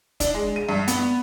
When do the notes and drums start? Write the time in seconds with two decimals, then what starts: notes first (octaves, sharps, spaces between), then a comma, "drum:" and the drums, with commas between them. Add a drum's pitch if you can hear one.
0.20 D4, drum: kick, hi-hat
0.35 G#3
0.56 D#7
0.69 G2
0.88 B3, drum: hi-hat